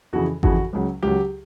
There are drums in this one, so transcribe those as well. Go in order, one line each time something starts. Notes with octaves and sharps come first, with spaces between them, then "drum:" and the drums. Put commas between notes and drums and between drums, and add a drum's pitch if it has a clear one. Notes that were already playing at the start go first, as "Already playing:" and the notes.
F2 C#3 E3 F#4
F2 C#3 E3 F#4, drum: kick G#1
C#2 C#3 F#3
C#2 C#3 F#3 G4